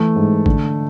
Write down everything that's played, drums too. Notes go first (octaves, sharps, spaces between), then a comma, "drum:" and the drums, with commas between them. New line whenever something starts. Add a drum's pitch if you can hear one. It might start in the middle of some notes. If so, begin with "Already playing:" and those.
Already playing: E3 A3
G#2
D3, drum: kick A1